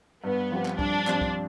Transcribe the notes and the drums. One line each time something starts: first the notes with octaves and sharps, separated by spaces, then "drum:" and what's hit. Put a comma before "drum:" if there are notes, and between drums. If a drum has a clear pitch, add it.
G2 B3
F3 C4 G4
drum: clap
G2 D4, drum: kick
F3 C4 G4, drum: clap
drum: kick